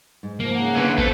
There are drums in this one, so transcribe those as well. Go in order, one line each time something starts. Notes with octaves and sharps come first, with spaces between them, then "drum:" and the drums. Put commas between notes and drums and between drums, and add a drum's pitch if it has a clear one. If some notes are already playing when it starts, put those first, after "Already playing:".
G#2
F3 A#3
C#3 F#5
D3 E3 B3
A3 F#4 A4 A#4 C5, drum: kick